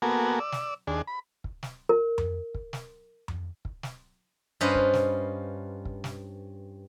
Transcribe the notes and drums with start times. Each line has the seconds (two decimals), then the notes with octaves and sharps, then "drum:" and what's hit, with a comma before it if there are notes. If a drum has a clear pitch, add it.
0.02 A#3 B3 F#4 A4 A#4 G#5
0.40 D5 E6
0.52 drum: snare
0.87 D#2 D4 G#4
1.07 B5
1.44 drum: kick
1.63 drum: snare
1.89 A#4
2.18 drum: tom F2
2.55 drum: kick
2.73 drum: snare
3.28 drum: tom F2
3.65 drum: kick
3.83 drum: snare
4.61 G2 C#4 F4 B4 C5 D#5
4.75 drum: kick
4.93 drum: snare
5.85 drum: kick
6.04 drum: snare